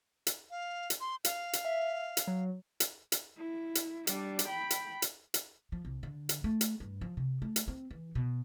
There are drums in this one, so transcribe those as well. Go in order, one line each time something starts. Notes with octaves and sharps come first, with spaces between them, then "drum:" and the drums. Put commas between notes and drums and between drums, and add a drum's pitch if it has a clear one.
drum: hi-hat
F5
drum: hi-hat
C6
F5, drum: hi-hat
drum: hi-hat
E5
drum: hi-hat
F#3
drum: hi-hat
drum: hi-hat
E4
drum: hi-hat
G3 D4, drum: hi-hat
drum: hi-hat
G5 B5
drum: hi-hat
drum: hi-hat
drum: hi-hat
F3
C2
D3
drum: hi-hat
A3
drum: hi-hat
G2
F3
C3
A3
drum: hi-hat
C4
E3
B2